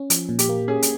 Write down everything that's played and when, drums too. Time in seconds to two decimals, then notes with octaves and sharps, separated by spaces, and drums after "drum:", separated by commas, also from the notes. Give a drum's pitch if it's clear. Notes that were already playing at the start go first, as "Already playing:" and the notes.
Already playing: C#4
0.10 F3, drum: hi-hat
0.29 A#2
0.39 G4, drum: hi-hat
0.49 A#3
0.68 C#4 G#4
0.82 drum: hi-hat